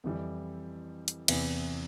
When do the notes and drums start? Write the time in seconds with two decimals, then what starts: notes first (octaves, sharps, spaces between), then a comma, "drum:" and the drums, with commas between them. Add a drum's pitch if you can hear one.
0.04 F2 E3 G3
1.08 drum: hi-hat
1.28 E2 C3 E3 B3, drum: cymbal